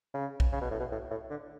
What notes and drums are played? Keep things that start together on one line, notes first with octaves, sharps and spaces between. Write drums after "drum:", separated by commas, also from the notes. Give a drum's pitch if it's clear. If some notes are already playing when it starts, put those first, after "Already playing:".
C#3
drum: kick B1
C#3
B2
A2
B2
A2
A2
D3